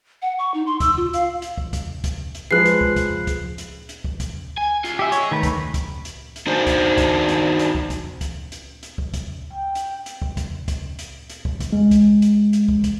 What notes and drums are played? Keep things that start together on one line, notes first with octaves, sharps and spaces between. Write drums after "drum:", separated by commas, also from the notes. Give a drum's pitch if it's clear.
F#5
C#6
D#4
C6
E6, drum: kick, hi-hat
F4
F5, drum: hi-hat
drum: hi-hat
drum: kick
drum: kick, hi-hat
drum: kick, hi-hat
drum: hi-hat
F3 G#3 B4 F#6 C7
drum: hi-hat
drum: kick
drum: kick, hi-hat
drum: kick, hi-hat
drum: hi-hat
drum: hi-hat
drum: kick
drum: kick, hi-hat
G#5
F4 G#4, drum: hi-hat
G4 D#5 E5 G#5
C#5, drum: hi-hat
D#3 A3 B4
drum: kick, hi-hat
drum: kick, hi-hat
drum: hi-hat
drum: hi-hat
D4 D#4 F#4 C5
drum: kick, hi-hat
drum: kick, hi-hat
drum: hi-hat
drum: hi-hat
drum: kick
drum: kick, hi-hat
drum: kick, hi-hat
drum: hi-hat
drum: hi-hat
drum: kick
drum: kick, hi-hat
G5
drum: hi-hat
drum: hi-hat
drum: kick
drum: kick, hi-hat
drum: kick, hi-hat
drum: hi-hat
drum: hi-hat
drum: kick
drum: kick, hi-hat
G#3
drum: kick, hi-hat
drum: hi-hat
drum: hi-hat
drum: kick
drum: kick, hi-hat